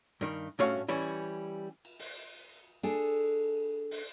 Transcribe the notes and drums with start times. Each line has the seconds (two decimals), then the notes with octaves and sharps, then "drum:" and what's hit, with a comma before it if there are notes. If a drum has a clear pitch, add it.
0.21 G2 D#3
0.59 G2 A3 C#4 F#4 C#5 F5, drum: tom A2
0.88 E3 G3 C#4
1.85 drum: cymbal
1.99 drum: open hi-hat
2.83 D4 G#4 A4, drum: cymbal
3.91 drum: open hi-hat